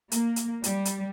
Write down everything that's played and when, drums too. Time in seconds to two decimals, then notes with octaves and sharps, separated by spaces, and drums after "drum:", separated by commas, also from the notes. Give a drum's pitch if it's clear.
0.12 A#3, drum: hi-hat
0.36 drum: hi-hat
0.64 G3, drum: hi-hat
0.85 drum: hi-hat